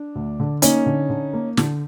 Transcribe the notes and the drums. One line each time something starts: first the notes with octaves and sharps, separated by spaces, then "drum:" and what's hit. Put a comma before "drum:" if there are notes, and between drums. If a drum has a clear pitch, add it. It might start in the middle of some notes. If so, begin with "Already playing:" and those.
Already playing: D4
D2
D3
A#3 C#4 D#4, drum: hi-hat
D3
D3
A#3
D3, drum: snare